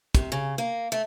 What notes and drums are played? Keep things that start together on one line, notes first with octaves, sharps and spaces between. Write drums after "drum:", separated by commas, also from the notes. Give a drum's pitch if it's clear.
C3, drum: kick, hi-hat
C#3
A#3
A3